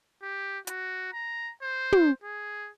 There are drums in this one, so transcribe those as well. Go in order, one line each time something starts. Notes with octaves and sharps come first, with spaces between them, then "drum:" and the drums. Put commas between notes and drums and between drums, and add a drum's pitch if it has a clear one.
G4
F#4, drum: hi-hat
A#5
C5
drum: tom
G#4